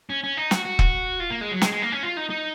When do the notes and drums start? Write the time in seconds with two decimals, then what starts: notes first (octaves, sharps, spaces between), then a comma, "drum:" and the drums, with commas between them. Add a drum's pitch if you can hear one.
0.10 C#4
0.24 C#4
0.37 D#4
0.51 F#4, drum: snare
0.65 F#4
0.79 drum: kick E1
1.20 F4
1.31 A#3
1.41 G#3
1.51 F#3
1.62 G#3, drum: snare
1.72 G#3
1.82 A#3
1.92 C#4
2.03 F4
2.17 D#4
2.30 D#4